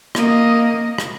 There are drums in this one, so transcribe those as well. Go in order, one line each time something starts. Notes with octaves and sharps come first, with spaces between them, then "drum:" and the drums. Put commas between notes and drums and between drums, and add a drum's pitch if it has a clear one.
A#3 D#5, drum: rim click
drum: rim click